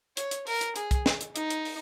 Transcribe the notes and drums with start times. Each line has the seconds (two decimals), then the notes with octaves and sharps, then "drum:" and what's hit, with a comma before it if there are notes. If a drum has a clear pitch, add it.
0.17 C#5, drum: hi-hat
0.31 drum: hi-hat
0.47 A#4, drum: open hi-hat
0.61 drum: hi-hat
0.76 G#4, drum: hi-hat
0.91 drum: kick C2, hi-hat
1.06 drum: snare
1.21 drum: hi-hat
1.36 D#4, drum: hi-hat
1.50 drum: hi-hat
1.65 drum: open hi-hat